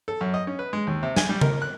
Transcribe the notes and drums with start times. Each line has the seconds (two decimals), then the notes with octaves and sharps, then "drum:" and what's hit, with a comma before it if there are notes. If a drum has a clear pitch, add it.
0.08 A4
0.21 F#2
0.34 D#5
0.47 C#4
0.59 B4
0.73 G#3
0.87 D#2
1.03 C3
1.16 G#5, drum: snare
1.29 G3
1.41 A#4, drum: tom C#3
1.62 F#6